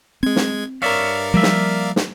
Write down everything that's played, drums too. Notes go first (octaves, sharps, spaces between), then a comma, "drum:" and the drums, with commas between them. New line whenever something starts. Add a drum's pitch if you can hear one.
G#3 C4 G#6
drum: snare
G2 A#4 C#5 D5 E5 F5
F3 G3 A#3 E5
drum: snare
drum: snare